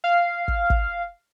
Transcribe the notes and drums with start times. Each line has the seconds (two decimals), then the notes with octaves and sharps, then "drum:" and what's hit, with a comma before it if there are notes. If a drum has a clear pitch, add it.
0.04 F5
0.48 drum: kick
0.70 drum: kick